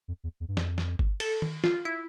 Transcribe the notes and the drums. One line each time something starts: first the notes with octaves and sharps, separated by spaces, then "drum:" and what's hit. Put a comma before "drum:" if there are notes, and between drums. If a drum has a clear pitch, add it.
F2
E2
E2
G2
F2, drum: snare
drum: snare
drum: kick G1
A4, drum: cymbal
drum: tom D#3
F4, drum: snare
E4